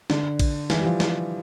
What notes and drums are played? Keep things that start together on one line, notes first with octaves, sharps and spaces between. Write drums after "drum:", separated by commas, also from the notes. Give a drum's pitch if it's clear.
D3, drum: snare
drum: kick A#1, cymbal
E3, drum: snare
G3
F3
drum: snare